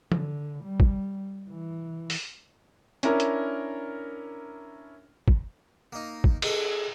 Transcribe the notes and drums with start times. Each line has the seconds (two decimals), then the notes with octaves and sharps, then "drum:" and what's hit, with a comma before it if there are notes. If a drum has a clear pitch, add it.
0.12 D3, drum: tom
0.64 G3
0.80 drum: kick
1.50 E3
2.10 drum: open hi-hat
3.03 C#4 D4 E4 A#4, drum: hi-hat
3.20 drum: hi-hat
5.28 drum: kick
5.93 A#3 D#4
6.24 drum: kick
6.42 G#3 A4, drum: cymbal